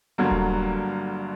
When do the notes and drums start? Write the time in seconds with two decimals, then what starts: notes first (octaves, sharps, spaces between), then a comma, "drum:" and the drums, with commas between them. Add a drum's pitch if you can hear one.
0.18 G1 G2 D3 F#3 A#3
0.31 drum: kick D#1